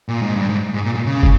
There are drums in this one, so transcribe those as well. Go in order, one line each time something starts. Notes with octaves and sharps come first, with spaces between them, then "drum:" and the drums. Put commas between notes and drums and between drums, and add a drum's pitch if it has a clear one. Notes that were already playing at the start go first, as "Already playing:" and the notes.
A#2
G#2
G2
G#2
G#2
A#2
A#2
C#3
drum: kick